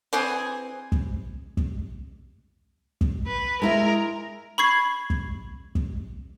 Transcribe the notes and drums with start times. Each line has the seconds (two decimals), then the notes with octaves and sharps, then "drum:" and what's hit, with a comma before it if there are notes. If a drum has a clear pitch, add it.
0.13 E3 C4 G#4
0.92 drum: kick
1.57 drum: kick
3.01 drum: kick
3.27 B4
3.62 G#3 E4 A#4 E5
4.58 B5 C#6 G#6 C7
5.10 drum: kick
5.75 drum: kick